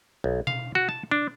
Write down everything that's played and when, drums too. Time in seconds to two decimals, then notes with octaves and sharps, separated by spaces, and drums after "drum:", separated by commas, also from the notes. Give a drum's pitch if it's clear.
0.24 B1
0.47 F5, drum: tom B2
0.75 F#4
0.89 A5
1.11 D4